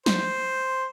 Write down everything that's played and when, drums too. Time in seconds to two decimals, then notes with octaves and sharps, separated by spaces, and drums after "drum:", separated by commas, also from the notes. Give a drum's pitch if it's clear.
0.06 C5, drum: snare